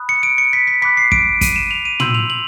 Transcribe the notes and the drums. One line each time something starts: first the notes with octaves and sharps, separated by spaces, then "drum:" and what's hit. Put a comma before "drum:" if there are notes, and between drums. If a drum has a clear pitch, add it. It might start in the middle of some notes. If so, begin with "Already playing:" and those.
Already playing: B5 D#6 F#6
C#7
D7
C#7
B6
B6
B5 D6 F#6 B6
C7
D7, drum: kick
D#7, drum: kick, hi-hat
E7
F7
D#7
C6 E6 G6 F#7, drum: tom
F7
F#7